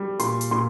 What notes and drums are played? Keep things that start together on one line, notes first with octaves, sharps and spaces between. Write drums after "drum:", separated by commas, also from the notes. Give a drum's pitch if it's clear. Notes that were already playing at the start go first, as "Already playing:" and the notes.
Already playing: G3
A#2 C6, drum: hi-hat
drum: hi-hat
A#2 C6